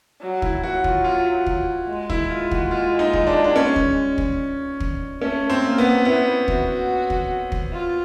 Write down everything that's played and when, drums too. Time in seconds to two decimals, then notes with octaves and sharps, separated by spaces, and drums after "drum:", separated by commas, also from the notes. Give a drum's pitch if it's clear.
0.21 F#3
0.42 E4, drum: kick
0.63 F#3 F#4
0.84 F4, drum: kick
1.04 F4
1.46 drum: kick
1.88 G#3
2.10 E4, drum: kick
2.30 F4
2.51 F#4, drum: kick
2.71 F4
2.99 D#4
3.13 drum: kick
3.27 D4
3.44 D4
3.56 C#4
3.76 drum: kick
4.18 drum: kick
4.80 drum: kick
5.22 A3 C#4
5.50 C4
5.64 A#3
5.78 B3
6.05 B3 E4
6.48 F#4, drum: kick
7.10 drum: kick
7.52 drum: kick
7.73 F4